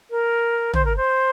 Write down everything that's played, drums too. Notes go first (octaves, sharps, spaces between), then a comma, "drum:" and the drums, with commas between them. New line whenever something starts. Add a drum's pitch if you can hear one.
A#4
C5, drum: tom
A#4
C5